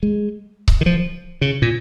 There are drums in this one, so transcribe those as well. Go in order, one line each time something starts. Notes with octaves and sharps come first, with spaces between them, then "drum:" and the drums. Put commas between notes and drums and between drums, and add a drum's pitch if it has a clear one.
G#3
drum: kick C#1
D#3
F3
C#3
A#2